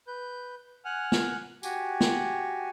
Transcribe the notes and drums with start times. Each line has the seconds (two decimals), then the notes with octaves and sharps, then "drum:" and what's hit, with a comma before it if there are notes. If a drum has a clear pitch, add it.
0.07 B4 G6
0.85 F#5 G#5 F6 F#6
1.12 drum: snare
1.63 F#4 G4 G#5, drum: tambourine
2.00 drum: snare